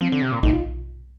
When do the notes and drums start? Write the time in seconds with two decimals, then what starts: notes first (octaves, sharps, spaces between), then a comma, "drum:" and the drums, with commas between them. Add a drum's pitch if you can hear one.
0.01 F3 C4
0.12 D3
0.22 C3
0.32 A#2
0.43 A2 D#4, drum: kick
0.53 F4